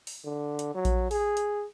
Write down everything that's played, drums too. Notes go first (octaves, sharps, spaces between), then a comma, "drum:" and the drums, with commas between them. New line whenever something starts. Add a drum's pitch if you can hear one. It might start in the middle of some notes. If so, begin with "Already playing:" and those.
drum: open hi-hat
D3
drum: hi-hat
F#3
drum: kick A#1, hi-hat
G#4, drum: open hi-hat
drum: hi-hat